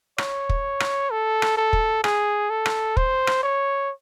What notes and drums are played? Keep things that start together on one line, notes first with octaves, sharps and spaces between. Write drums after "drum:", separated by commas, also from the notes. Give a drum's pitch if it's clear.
C#5, drum: rim click
drum: kick
drum: rim click
A4
drum: rim click
A4
drum: kick
G#4, drum: rim click
A4
drum: rim click
C5, drum: kick
drum: rim click
C#5